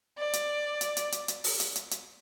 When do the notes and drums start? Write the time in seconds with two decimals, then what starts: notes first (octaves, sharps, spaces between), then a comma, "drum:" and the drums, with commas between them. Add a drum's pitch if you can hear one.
0.18 D5
0.33 drum: hi-hat
0.81 drum: hi-hat
0.97 drum: hi-hat
1.12 drum: hi-hat
1.28 drum: hi-hat
1.44 drum: open hi-hat
1.60 drum: hi-hat
1.76 drum: hi-hat
1.91 drum: hi-hat